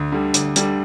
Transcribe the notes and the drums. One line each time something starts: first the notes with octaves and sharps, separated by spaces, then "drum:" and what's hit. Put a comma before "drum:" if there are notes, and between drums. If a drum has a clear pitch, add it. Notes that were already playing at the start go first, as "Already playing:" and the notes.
Already playing: D2
D3 G3
D2, drum: hi-hat
D3 G3, drum: hi-hat